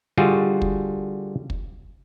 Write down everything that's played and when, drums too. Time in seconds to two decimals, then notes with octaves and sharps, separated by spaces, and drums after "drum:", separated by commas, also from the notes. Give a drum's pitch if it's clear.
0.17 D3 G3 F4 F#4 G#4
0.62 drum: kick
1.50 drum: kick